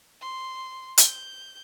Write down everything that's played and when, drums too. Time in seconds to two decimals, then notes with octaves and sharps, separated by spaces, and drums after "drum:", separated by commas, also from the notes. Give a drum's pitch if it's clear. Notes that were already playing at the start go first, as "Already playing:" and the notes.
0.21 C6
0.98 G6, drum: hi-hat